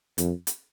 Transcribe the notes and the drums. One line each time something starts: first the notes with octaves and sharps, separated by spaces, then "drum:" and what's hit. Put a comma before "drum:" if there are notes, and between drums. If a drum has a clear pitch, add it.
F2, drum: hi-hat
drum: hi-hat